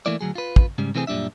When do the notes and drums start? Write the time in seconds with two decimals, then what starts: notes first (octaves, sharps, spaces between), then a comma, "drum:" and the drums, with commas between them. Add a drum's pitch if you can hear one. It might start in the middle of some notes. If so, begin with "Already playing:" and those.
0.06 E3 A3 A#3 E4 D5
0.21 D2 B2 F#3 G#4
0.35 F4 B4
0.56 drum: kick
0.78 G#2 C#3 G3
0.95 C3 E3 A3 C4 G#4
1.07 F#2 A#2 G3 D4 E5